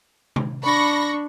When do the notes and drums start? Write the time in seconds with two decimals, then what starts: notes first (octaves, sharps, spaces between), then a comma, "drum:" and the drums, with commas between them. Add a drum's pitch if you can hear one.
0.36 drum: tom C3
0.64 D4 B5 C#6 A#6